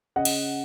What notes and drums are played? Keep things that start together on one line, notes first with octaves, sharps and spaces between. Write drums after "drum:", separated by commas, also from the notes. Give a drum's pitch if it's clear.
C#3 D#5 F#5
drum: cymbal